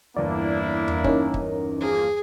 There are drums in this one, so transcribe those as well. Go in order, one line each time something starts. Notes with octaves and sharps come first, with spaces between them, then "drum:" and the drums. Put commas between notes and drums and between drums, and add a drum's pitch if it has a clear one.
G1 E2 A#3 D4 E4 D5
drum: tom E2
C#4 D#4 A#4, drum: kick
drum: kick
F3 A#3 G#4